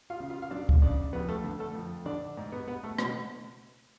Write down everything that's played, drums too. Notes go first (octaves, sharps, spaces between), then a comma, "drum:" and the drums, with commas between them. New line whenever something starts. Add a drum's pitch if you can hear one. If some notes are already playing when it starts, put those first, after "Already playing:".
F4 F5
C#3
F4 F5
F5
F#2 D4 D5
drum: kick C#2
C#3 D4 D5
F2 B3 B4
A3 A4
D3
A3 A4
F2
D3 D4 D5
G#2
B3 B4
B3 B4
A3 A4
B2 B3, drum: rim click